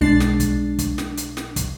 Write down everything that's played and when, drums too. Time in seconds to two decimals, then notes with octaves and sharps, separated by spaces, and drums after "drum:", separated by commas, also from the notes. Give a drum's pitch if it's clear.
0.01 B1 G#3 D4 A6 C7
0.20 drum: snare
0.40 drum: kick, hi-hat
0.79 drum: kick, hi-hat
0.98 drum: snare
1.17 drum: hi-hat
1.37 drum: snare
1.56 drum: kick, hi-hat